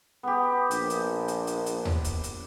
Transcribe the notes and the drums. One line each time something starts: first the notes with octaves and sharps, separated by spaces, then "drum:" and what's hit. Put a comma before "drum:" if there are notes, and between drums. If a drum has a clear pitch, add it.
B3 G4
A#1, drum: hi-hat
drum: hi-hat
drum: hi-hat
drum: hi-hat
drum: hi-hat
drum: tom D#2
drum: kick C#1, hi-hat
drum: hi-hat